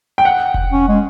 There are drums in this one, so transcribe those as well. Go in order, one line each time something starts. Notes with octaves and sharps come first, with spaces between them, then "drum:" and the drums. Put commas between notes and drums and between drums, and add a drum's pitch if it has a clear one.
G5
F#5
drum: kick F1
C#4
G#3